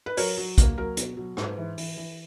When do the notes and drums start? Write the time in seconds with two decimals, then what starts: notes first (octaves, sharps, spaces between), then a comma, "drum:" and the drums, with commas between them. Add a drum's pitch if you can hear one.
0.06 B4
0.17 F#3 A#4 C#5, drum: open hi-hat
0.38 F#3
0.58 A#3, drum: kick A#1, hi-hat
0.78 F#3 A#4
0.97 B2, drum: hi-hat
1.17 F#3
1.37 G#2 B4, drum: rim click
1.58 E3
1.78 E3, drum: open hi-hat
1.97 E3